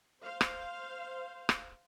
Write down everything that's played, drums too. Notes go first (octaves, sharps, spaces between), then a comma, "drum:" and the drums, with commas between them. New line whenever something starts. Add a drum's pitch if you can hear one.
C5 F5
drum: rim click
drum: rim click